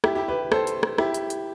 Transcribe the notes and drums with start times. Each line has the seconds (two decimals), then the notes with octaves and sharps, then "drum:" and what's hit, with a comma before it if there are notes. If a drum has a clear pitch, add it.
0.04 E4 G4, drum: rim click
0.15 E4 G4
0.28 G4 B4
0.52 A4 C5, drum: rim click
0.67 drum: hi-hat
0.83 drum: rim click
0.98 E4 G4, drum: rim click
1.14 drum: hi-hat
1.30 drum: hi-hat